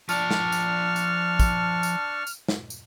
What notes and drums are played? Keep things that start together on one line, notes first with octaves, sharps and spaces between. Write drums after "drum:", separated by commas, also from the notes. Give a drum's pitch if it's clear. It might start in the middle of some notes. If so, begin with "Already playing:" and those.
F3 D4 D5 A5 C#6 F6, drum: tambourine
drum: snare
drum: tambourine
drum: tambourine
drum: kick, tambourine
drum: tambourine
drum: tambourine
drum: snare
drum: tambourine